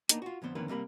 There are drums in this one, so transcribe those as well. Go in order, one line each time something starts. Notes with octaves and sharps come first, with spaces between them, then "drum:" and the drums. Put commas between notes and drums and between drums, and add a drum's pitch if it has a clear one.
A#3 B3 D4 D#4, drum: hi-hat
F4 F#4
F2 D3 B3 C5
F2 D3 D#3 A#3 C#4 B4
C3 G3 A#3 B5